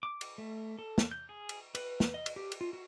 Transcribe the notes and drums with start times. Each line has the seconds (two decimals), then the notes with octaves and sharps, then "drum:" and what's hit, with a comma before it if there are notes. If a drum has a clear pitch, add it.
0.03 D6
0.21 drum: cymbal
0.38 A3
0.79 A4
0.98 drum: snare
1.11 G6
1.29 G#4
1.49 drum: cymbal
1.75 B4, drum: cymbal
2.00 drum: snare
2.14 D#5
2.26 drum: cymbal
2.36 G4
2.52 drum: cymbal
2.61 F4
2.73 F#4